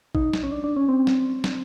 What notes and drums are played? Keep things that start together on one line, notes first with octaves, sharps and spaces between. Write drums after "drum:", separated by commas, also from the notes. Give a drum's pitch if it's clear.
D#4, drum: kick
drum: snare
C#4
D4
D4
C#4
C4
drum: snare
drum: snare